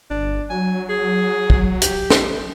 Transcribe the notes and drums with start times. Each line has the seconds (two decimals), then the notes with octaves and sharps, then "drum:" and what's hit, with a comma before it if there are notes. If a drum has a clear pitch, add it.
0.10 G1 D4
0.50 F#3 G#5
0.89 G#4
1.50 drum: kick
1.82 G4, drum: hi-hat
2.10 drum: snare